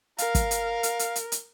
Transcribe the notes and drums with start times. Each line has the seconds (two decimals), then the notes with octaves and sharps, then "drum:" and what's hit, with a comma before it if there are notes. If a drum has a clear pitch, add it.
0.18 A#4 F5, drum: hi-hat
0.35 drum: kick, hi-hat
0.51 drum: hi-hat
0.83 drum: hi-hat
0.99 drum: hi-hat
1.16 drum: hi-hat
1.32 drum: hi-hat